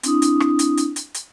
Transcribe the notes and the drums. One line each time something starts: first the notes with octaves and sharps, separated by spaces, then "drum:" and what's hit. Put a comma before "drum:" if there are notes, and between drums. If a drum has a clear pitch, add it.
C4 D4 E4 D#6, drum: hi-hat
drum: hi-hat
drum: rim click
drum: hi-hat
drum: hi-hat
drum: hi-hat
drum: hi-hat